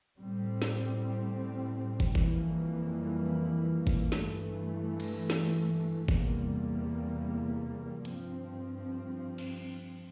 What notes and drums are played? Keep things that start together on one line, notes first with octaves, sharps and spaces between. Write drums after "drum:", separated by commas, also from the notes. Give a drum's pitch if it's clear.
A2 G3 C4
drum: snare
drum: kick
F2 E3 G3 A#3, drum: kick
drum: kick
G2 E3 A3, drum: snare
drum: cymbal
drum: snare
E2 C3 G3 A#3, drum: kick
G2 F3 C4, drum: hi-hat
drum: cymbal